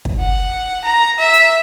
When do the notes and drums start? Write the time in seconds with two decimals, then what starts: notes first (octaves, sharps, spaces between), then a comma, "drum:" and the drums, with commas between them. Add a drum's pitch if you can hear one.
0.05 drum: kick
0.20 F#5
0.85 A#5
1.19 E5
1.33 drum: hi-hat